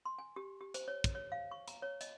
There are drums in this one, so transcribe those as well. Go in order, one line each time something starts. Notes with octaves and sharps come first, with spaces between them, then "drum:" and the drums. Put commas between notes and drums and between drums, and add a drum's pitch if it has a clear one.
C6
G#5
G4
G4
C5, drum: hi-hat
C#5
drum: kick, hi-hat
C#5
F5
C#6
A#5, drum: hi-hat
C#5
D#5, drum: hi-hat